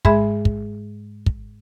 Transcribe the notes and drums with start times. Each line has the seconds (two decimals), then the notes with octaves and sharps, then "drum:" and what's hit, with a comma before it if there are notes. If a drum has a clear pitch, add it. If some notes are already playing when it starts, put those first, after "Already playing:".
0.05 G#2 G#3 G#4 E5 B5 G#6, drum: kick
0.45 drum: kick
1.26 drum: kick